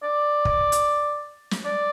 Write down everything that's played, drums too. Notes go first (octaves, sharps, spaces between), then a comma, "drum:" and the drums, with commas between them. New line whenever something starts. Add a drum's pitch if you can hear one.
D5
drum: kick
drum: hi-hat
drum: snare
D5